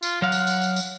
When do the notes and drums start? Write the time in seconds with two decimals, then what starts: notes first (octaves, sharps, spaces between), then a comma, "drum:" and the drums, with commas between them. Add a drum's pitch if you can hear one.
0.03 F4, drum: tambourine
0.22 F#3 F5 F#5
0.32 drum: tambourine
0.47 drum: tambourine
0.62 drum: tambourine
0.76 drum: tambourine